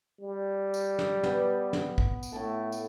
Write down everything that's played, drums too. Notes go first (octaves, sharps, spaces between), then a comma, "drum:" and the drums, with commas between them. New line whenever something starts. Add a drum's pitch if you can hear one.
G3
drum: tambourine
drum: snare
B3, drum: snare
drum: snare
drum: kick
drum: tambourine
A2 A3 A4 A5
drum: tambourine